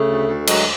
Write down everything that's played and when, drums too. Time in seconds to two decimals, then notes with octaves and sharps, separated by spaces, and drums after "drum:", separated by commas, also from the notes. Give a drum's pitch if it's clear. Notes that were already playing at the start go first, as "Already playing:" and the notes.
Already playing: C#3 A3
0.09 D2
0.27 D2
0.47 F#3 G#3, drum: cymbal